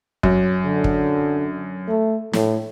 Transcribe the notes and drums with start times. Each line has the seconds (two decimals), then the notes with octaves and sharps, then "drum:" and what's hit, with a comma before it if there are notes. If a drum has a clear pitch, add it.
0.23 F#2, drum: kick
0.65 D3
0.84 drum: kick
1.88 A3
2.33 A2, drum: snare